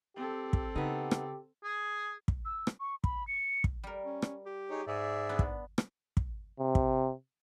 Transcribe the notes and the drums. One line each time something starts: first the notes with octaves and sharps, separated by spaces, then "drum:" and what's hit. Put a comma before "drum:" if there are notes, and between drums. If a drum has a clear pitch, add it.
C4 G4 A4
drum: kick
C#3 B3 D#4 G4
drum: rim click
G#4
drum: kick
E6
drum: rim click
C#6
B5, drum: kick
C#7
drum: kick
G3 A#4
C#4
drum: rim click
G4
D#4 G#4 C#5
G#2 G#4 D5 E5
B3 D4
drum: kick
drum: rim click
drum: kick
C3
drum: kick